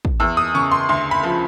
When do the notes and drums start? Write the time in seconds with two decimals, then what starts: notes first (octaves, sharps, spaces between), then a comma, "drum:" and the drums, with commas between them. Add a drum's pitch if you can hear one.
0.05 drum: kick
0.20 E2 E6
0.37 D#6
0.54 C#3 C#6
0.71 C6
0.89 D2 C6
1.11 B5
1.23 F3